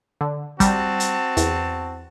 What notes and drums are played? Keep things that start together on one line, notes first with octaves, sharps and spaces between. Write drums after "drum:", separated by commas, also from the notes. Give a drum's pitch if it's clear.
D3
G3 C4 F#4 A5, drum: kick, hi-hat
drum: hi-hat
E2, drum: hi-hat